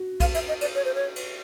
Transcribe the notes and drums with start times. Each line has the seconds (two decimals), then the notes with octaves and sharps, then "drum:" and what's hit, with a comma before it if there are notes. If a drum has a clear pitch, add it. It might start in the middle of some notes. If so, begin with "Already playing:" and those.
Already playing: F#4
0.20 F5, drum: kick B1, cymbal
0.34 E5, drum: cymbal
0.48 D#5
0.61 D5, drum: cymbal
0.75 C#5
0.85 C5
0.95 C#5
1.16 drum: cymbal